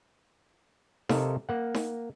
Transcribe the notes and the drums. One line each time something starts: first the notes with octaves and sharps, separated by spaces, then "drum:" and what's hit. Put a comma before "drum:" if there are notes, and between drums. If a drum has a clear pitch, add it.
C3 A4 A#4 D#5 F5, drum: snare D#4
A#3 F#5
drum: snare D#4